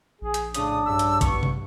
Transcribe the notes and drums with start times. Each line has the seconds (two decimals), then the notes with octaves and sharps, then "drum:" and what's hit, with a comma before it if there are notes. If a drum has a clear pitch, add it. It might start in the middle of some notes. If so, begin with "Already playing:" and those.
0.21 A#1 G#4
0.34 drum: hi-hat
0.54 A2 C#3 D4 D#6, drum: hi-hat
0.86 G2 C#3 E6
0.99 drum: hi-hat
1.21 B3 C#6, drum: kick A#1, hi-hat
1.43 drum: tom C3